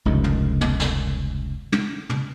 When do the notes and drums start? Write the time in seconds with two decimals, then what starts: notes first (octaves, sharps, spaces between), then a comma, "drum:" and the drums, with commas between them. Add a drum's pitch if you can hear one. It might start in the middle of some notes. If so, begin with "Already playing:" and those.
0.05 F1 C#2 G2 D#3
0.24 drum: tom
0.61 drum: tom
0.80 drum: snare
1.72 drum: tom
2.09 drum: tom